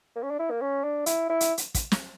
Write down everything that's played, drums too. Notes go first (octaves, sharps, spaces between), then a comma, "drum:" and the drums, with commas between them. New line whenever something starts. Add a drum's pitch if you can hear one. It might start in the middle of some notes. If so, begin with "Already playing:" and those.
A#3
C#4
D4
E4
A#3
C#4
D4
E4, drum: hi-hat
E4
drum: hi-hat
drum: hi-hat
drum: kick, hi-hat
drum: snare